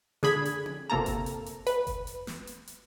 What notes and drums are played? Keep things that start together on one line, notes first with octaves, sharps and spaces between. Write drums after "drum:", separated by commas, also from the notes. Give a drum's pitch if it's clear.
D3 G#4 B5 G#6, drum: snare
drum: hi-hat
drum: tom C4
G1 C3 A#3 A4 A#5
drum: kick F#1, hi-hat
drum: hi-hat
drum: hi-hat
B4, drum: hi-hat
drum: kick F#1, hi-hat
drum: hi-hat
drum: snare
drum: hi-hat
drum: hi-hat